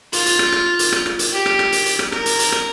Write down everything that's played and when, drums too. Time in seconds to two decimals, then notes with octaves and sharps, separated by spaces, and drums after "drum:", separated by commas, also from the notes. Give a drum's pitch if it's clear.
0.13 F4, drum: hi-hat
0.26 drum: hi-hat
0.39 drum: rim click
0.52 drum: rim click
0.79 drum: hi-hat
0.92 drum: rim click
1.06 drum: rim click
1.19 drum: hi-hat
1.33 G4
1.46 drum: rim click
1.59 drum: rim click
1.72 drum: hi-hat
1.86 drum: hi-hat
1.99 drum: rim click
2.12 A#4, drum: rim click
2.26 drum: hi-hat
2.39 drum: hi-hat
2.52 drum: rim click